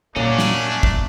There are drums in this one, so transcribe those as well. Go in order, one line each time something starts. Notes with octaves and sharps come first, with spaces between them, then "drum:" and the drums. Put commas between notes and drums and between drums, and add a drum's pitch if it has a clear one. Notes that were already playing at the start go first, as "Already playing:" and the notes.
F#2 A#2 A3 A#3 C#4 D4
drum: snare
drum: kick